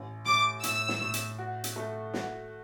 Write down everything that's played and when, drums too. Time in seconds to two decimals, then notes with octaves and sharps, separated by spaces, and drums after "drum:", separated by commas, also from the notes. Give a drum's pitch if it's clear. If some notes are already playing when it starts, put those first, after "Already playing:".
Already playing: A1
0.26 A2 D6
0.63 A2 E6, drum: hi-hat
0.89 drum: snare
1.01 A2
1.14 drum: hi-hat
1.39 F#4
1.64 drum: hi-hat
1.76 A3
2.14 F#4, drum: snare